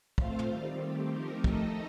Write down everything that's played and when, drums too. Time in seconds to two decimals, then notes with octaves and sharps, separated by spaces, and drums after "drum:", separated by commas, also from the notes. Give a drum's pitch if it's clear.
0.18 A3 C4 F4 C5 F5, drum: kick
0.39 drum: tom
0.49 D#3 G3 C4
0.81 D#3 A3 C4 G4
1.13 F3 C4 D#4 G4 A#4
1.44 A3 D#4 A4 D#5, drum: kick